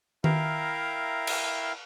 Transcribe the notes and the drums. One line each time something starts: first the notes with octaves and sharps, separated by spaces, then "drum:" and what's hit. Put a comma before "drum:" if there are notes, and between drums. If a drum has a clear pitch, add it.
E4 A#4 E5 F5 G5 A#5, drum: tom D#3
drum: cymbal